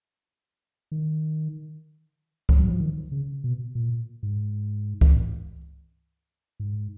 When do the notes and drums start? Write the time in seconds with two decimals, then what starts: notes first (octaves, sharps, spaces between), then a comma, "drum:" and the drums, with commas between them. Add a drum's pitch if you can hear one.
0.92 D#3
2.49 drum: kick C#2
2.59 F#3
2.69 F3
2.80 D#3
3.12 C#3
3.44 B2
3.75 A#2
4.23 G#2
5.01 drum: kick C#2
6.60 G#2